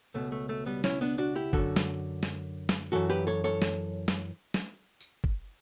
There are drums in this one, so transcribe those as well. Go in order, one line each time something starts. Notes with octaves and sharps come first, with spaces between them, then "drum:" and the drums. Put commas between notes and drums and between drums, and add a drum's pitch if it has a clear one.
C#2 B2 A3
A3
A3
G3 B3
C#4 E4, drum: snare
B3 D4
D4 F#4
E4 G4
F#2 D3 F#4 A4, drum: kick
drum: snare
drum: snare
drum: snare
F#2 E3 F#4 A4
G4 B4
A4 C#5
A4 C#5
drum: snare
drum: snare
drum: snare
drum: tambourine
drum: kick